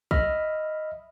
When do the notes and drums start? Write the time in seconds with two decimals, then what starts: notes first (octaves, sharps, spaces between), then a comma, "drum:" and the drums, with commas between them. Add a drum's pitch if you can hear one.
0.11 D#5 E5 B5 F6, drum: kick